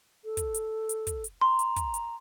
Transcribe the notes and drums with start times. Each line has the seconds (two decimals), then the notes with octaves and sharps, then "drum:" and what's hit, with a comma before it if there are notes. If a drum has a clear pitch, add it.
0.25 A4
0.37 drum: kick, hi-hat
0.54 drum: hi-hat
0.89 drum: hi-hat
1.07 drum: kick, hi-hat
1.24 drum: hi-hat
1.41 A#5 C6
1.59 drum: hi-hat
1.76 drum: kick, hi-hat
1.94 drum: hi-hat